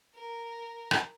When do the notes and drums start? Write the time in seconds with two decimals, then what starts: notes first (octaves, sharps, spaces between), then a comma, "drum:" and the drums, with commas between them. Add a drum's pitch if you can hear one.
0.15 A#4
0.91 drum: rim click